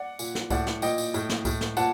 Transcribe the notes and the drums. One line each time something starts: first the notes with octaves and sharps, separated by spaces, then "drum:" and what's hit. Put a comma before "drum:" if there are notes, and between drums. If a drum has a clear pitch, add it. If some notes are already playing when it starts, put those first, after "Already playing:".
Already playing: D5 F#5
A#2, drum: tambourine
drum: snare
A2 D5 F#5, drum: kick C#2, tambourine
drum: snare
A#2 D#5 G5, drum: tambourine
drum: tambourine
A2, drum: tambourine
drum: snare
A2, drum: kick C#2, tambourine
drum: snare
A#2 F#5 A5, drum: tambourine